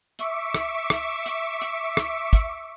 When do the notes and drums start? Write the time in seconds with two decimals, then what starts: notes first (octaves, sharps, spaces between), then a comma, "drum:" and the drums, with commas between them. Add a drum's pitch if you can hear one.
0.19 E5 C#6 D6, drum: hi-hat
0.54 drum: rim click
0.90 drum: rim click
1.26 drum: hi-hat
1.61 drum: hi-hat
1.97 drum: rim click
2.33 drum: kick, hi-hat